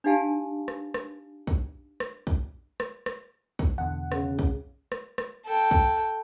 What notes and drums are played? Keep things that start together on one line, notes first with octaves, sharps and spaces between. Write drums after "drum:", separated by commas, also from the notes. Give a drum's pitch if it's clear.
D4 D#4 G4 F5 G#5 A5
drum: rim click
drum: rim click
drum: kick
drum: rim click
drum: kick
drum: rim click
drum: rim click
drum: kick
E2 B2 D3 F#5
C#3, drum: rim click
drum: kick
drum: rim click
drum: rim click
A4 G5
drum: kick